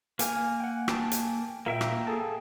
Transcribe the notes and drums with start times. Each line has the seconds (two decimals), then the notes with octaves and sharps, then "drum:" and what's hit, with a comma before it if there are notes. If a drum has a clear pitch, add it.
0.19 A#3 G#5 F6, drum: hi-hat
0.60 F#5 G5
0.88 G5 A5, drum: rim click
1.11 drum: hi-hat
1.66 A#2 A#3 E5 G5
1.81 drum: rim click
2.07 G#4 A4 A5